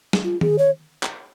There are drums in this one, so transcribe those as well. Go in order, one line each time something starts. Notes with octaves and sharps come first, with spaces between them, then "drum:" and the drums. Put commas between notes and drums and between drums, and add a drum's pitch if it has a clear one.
drum: snare
F4
G#4, drum: tom D#3
C#5
drum: clap